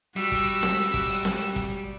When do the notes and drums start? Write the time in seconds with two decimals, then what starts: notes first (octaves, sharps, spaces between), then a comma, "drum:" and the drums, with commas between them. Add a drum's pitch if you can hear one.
0.16 G3 F#4 E6, drum: hi-hat
0.32 drum: kick, hi-hat
0.63 drum: snare C4
0.78 drum: hi-hat
0.94 drum: kick, hi-hat
1.09 drum: open hi-hat
1.25 drum: snare C4
1.40 drum: hi-hat
1.56 drum: kick, hi-hat